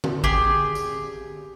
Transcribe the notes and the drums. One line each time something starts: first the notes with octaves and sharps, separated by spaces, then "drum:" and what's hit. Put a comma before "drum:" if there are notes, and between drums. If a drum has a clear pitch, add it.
drum: tom D3
G4 G#4, drum: kick A1
drum: tambourine